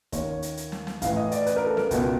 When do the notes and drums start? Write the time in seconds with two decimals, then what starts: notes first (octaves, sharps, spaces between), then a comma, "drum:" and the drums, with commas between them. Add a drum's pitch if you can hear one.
0.12 D#2 D#3 C#5, drum: kick, hi-hat
0.42 drum: hi-hat
0.57 drum: hi-hat
0.72 drum: snare
0.87 drum: snare
1.02 A1 A2 E3 F5, drum: kick, hi-hat
1.16 D#5
1.32 D5, drum: hi-hat
1.46 B4, drum: hi-hat
1.56 A#4
1.67 A4
1.77 A#4, drum: snare
1.91 C#2 B2, drum: kick, hi-hat